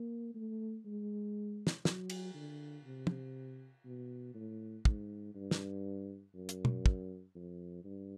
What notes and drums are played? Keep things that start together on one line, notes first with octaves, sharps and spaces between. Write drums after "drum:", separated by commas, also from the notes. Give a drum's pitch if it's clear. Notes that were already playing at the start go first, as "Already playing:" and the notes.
Already playing: A#3
A3
G#3
drum: snare
F#3, drum: snare
drum: cymbal
D3
C3
drum: tom
B2
A2
G#2, drum: kick
G2
drum: snare
F#2
drum: hi-hat
drum: tom
drum: kick
F2
G2